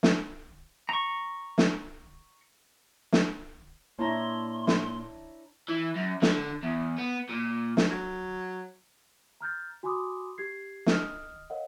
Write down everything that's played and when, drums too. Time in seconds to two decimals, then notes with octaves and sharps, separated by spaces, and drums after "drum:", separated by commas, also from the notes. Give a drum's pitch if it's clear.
0.03 drum: snare
0.89 A#5 C#6
1.58 drum: snare
3.12 drum: snare
3.99 A#2 D4 E4 C#5 A5 A#5 C6
4.67 drum: snare
5.68 E3
5.96 F#2
6.22 D3, drum: snare
6.63 E2
6.98 B3
7.29 A#2
7.77 drum: snare
7.91 F#3
9.41 A#5 F6 G6 A6
9.83 F#4 G#5 B5 C6 D6 D#6
10.38 G4 G#6 C7
10.86 D#5 D#6 F6, drum: snare
11.50 A#4 C#5 D#5 F5 F#5